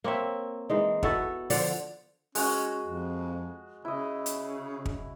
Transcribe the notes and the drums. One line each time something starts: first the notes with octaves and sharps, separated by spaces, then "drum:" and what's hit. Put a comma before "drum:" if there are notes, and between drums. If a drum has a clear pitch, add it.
A#3 C4 C#5 E5
E3 G#3 D#4
B3 E4 F#4 A4, drum: kick
D3 F3 D5 F#5, drum: open hi-hat
G#3 C#4 F#4, drum: open hi-hat
F2
C#3 E4 D#5
drum: hi-hat
drum: kick